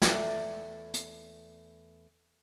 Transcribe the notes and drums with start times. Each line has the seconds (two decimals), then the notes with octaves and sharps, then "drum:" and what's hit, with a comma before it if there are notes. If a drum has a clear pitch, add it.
0.02 E2 A3 D5 G5, drum: snare
0.94 drum: hi-hat